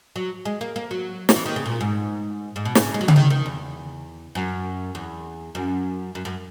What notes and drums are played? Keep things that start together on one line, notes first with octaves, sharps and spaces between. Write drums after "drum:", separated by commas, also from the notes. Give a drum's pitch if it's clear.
F#3
G#3
A#3
A#3
F#3
F#3, drum: snare
E3
D#3
C#3
A#2
G#2
G#2
B2
C#3, drum: snare
G#3
F#3
E3, drum: tom C#3
D#3
D#3
E2
F#2
E2
F#2
F#2
F#2